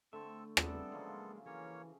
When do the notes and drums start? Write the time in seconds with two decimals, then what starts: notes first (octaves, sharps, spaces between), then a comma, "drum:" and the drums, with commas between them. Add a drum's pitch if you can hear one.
0.13 D3 A3 C4 A4 E5
0.57 G3 B3 C4 D4 G#4 A4 D5 E5, drum: rim click
0.92 C#3 F3 F#3 G#3 A#3
1.46 E3 A#3 C#4 G#4 C#5